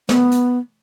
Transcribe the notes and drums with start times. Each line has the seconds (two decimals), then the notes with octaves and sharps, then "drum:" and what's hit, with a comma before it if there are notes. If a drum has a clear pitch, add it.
0.09 B3, drum: snare
0.31 drum: hi-hat